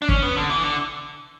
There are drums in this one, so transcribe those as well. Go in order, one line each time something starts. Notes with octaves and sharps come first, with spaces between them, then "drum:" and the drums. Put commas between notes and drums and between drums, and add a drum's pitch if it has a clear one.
D4
C#4, drum: kick
B3
D3
E3
D3